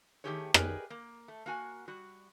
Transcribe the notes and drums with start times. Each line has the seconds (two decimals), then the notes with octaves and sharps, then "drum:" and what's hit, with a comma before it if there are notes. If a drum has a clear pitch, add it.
0.24 D#3 F3 A3 G4 G#4 C#5
0.54 G4 G#4 A#4 B4 D5 D#5, drum: rim click
0.90 A#3
1.28 A3
1.46 A#3 F#4 G#5
1.88 G3 F#4